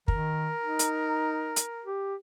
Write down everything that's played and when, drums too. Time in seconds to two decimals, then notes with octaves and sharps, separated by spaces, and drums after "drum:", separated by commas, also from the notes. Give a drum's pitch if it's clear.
0.08 D#3 A#4, drum: kick
0.63 D#4
0.79 drum: hi-hat
1.56 drum: hi-hat
1.85 G4